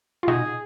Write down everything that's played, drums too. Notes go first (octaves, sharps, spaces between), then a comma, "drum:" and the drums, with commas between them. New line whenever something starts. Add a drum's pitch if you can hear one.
F4
D#4 F#4 G#4, drum: tom A#2